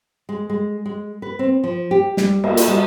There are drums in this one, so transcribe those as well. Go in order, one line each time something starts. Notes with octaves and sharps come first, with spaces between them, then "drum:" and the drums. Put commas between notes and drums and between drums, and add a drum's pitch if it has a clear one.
G#3
G#3
G#3
B4
C4
F3
G4
G3, drum: snare
A#3, drum: cymbal
drum: hi-hat
G3